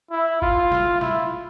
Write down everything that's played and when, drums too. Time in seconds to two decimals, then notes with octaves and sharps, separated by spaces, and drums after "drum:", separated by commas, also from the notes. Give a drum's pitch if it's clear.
0.11 E4
0.42 F4, drum: kick G1
0.72 drum: snare
1.01 E4, drum: snare